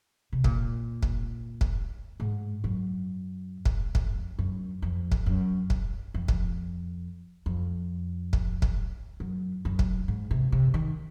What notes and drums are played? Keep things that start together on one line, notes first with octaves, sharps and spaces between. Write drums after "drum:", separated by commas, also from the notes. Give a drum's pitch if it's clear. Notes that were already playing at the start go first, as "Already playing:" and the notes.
C3
A#2, drum: kick
drum: kick
drum: kick
G#2
F#2
drum: kick
F2, drum: kick
F#2
F2
drum: kick
F#2
drum: kick
F2
drum: kick
F2
drum: kick
drum: kick
F#2
F#2
drum: kick
G#2
C3
C3
D#3